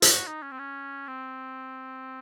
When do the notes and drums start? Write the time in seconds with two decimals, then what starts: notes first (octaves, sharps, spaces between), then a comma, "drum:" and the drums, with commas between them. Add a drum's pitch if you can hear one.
0.02 F4, drum: hi-hat
0.11 F#4
0.27 D#4
0.42 C#4
0.51 C4
0.59 C#4
1.08 C4